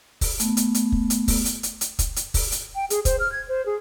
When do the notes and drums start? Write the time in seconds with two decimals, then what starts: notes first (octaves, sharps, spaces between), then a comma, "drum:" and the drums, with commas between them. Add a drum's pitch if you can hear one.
0.21 drum: kick, open hi-hat
0.40 A3 B3, drum: hi-hat
0.57 drum: hi-hat
0.74 drum: hi-hat
0.92 drum: kick
1.10 drum: hi-hat
1.28 drum: kick, open hi-hat
1.45 drum: hi-hat
1.63 drum: hi-hat
1.81 drum: hi-hat
1.99 drum: kick, hi-hat
2.16 drum: hi-hat
2.34 drum: kick, open hi-hat
2.52 drum: hi-hat
2.75 G5
2.90 G#4, drum: hi-hat
3.05 C5, drum: kick, hi-hat
3.20 F6
3.32 G#6
3.48 C5
3.66 G#4